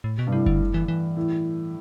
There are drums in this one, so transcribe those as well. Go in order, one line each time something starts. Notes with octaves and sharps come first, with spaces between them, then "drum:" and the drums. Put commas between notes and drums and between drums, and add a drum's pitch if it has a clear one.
A2
B2
G2
A2 C3
D3, drum: kick F#1
E3
E3
A2